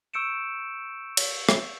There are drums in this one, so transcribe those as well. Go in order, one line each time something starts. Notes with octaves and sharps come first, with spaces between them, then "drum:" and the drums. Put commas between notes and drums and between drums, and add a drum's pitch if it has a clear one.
C#6 E6 G6 C#7 D7 E7
drum: cymbal
drum: rim click